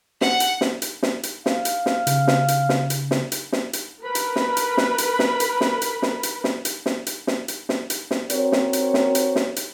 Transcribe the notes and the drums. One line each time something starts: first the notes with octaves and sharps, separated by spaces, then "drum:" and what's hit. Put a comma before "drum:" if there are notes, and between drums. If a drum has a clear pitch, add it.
F#5, drum: snare
drum: hi-hat
drum: snare
drum: hi-hat
drum: snare
drum: hi-hat
F5, drum: snare
drum: hi-hat
drum: snare
C#3, drum: hi-hat
drum: snare
drum: hi-hat
drum: snare
drum: hi-hat
drum: snare
drum: hi-hat
drum: snare
drum: hi-hat
A#4 B4 B5
drum: hi-hat
drum: snare
drum: hi-hat
drum: snare
drum: hi-hat
drum: snare
drum: hi-hat
drum: snare
drum: hi-hat
drum: snare
drum: hi-hat
drum: snare
drum: hi-hat
drum: snare
drum: hi-hat
drum: snare
drum: hi-hat
drum: snare
drum: hi-hat
drum: snare
C4 F#4 A#4 C5 C#5, drum: hi-hat
drum: snare
drum: hi-hat
drum: snare
drum: hi-hat
drum: snare
drum: hi-hat